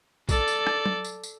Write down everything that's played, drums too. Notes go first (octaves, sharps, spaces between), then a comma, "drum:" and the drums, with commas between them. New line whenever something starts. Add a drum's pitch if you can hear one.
A4 D5, drum: kick A#1, tambourine
drum: tambourine
drum: rim click
drum: tom F#3
drum: tambourine
drum: tambourine